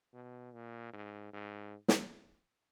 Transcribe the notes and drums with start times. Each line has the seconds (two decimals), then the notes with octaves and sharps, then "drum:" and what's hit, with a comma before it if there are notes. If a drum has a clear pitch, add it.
0.13 B2
0.53 A#2
0.93 G#2
1.33 G#2
1.88 drum: snare